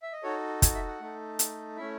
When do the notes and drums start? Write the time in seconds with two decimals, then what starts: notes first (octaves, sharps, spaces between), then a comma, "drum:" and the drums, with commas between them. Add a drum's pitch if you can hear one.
0.02 E5
0.13 D#5
0.23 D#4 F#4 A4 C#5
0.62 G#5, drum: kick, hi-hat
0.75 E5
0.87 F#5
1.00 A3 D#4 A4
1.39 drum: hi-hat
1.77 A3 C#4 E4 E5